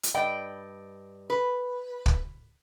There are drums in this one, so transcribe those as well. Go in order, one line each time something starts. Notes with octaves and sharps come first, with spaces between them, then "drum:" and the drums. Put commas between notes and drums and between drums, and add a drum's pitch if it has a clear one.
drum: hi-hat
G2 D5 D#5 G5
B4
drum: kick